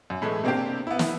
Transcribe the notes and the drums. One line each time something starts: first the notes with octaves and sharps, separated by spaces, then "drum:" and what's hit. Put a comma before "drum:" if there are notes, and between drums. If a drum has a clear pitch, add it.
F#2
A2 E3 G#3 A3
C3 A#3 C4 D4 G4
B3 E4
drum: snare